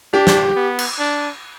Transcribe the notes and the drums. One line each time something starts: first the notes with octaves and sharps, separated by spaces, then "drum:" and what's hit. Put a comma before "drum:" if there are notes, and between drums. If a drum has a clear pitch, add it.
D4 G4
drum: snare
B3
drum: cymbal
D4